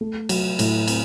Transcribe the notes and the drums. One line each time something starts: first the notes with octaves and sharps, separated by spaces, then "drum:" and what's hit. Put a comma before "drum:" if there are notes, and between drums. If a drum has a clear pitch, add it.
A3
F#3, drum: cymbal
A2, drum: cymbal
C4, drum: cymbal